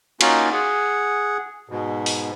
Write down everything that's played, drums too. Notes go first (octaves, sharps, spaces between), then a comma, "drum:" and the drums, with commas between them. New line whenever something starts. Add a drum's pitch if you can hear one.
A#3 C#4 D#4 F4 F#4, drum: cymbal
G#4 F#5
G#2 B2
drum: open hi-hat